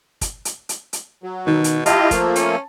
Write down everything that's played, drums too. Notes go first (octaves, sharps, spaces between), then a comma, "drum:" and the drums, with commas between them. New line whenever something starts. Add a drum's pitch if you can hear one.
drum: kick, hi-hat
drum: hi-hat
drum: hi-hat
drum: hi-hat
F#3
B2 D#3
drum: hi-hat
E4 F4 G4 D#5 A5, drum: hi-hat
F3 A3 A#3, drum: kick, hi-hat
C#4, drum: hi-hat